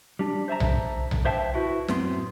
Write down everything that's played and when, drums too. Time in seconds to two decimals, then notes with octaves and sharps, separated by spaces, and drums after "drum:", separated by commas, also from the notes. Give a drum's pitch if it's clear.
0.19 G3 D4
0.48 C5 E5 A5 A#5
0.60 drum: tom B1
1.11 drum: tom B1
1.25 C5 E5 F5 G5 A5
1.54 E4 F#4 B4
1.88 F#2 A2 B3 C4 G#4 C6, drum: snare